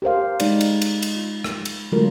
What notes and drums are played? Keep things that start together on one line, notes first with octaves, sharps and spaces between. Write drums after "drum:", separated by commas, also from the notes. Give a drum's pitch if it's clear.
G4 A#4 C5 F5
G#3 D#4 D5, drum: cymbal
drum: cymbal
drum: cymbal
drum: cymbal
F4
drum: rim click
drum: cymbal
D3 F#3 G#3 A3 F4 A#4